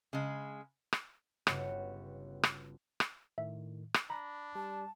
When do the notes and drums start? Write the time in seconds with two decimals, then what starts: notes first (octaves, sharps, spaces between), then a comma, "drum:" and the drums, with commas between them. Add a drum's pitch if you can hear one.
0.13 C#3 G#3
0.93 drum: rim click
1.47 G1 C#3 B3 F#4 G4 C#5, drum: rim click
2.43 drum: rim click
3.00 drum: rim click
3.38 A2 D#3 E5
3.94 drum: rim click
4.10 D4 A#5 B5 A#6
4.55 G3 A5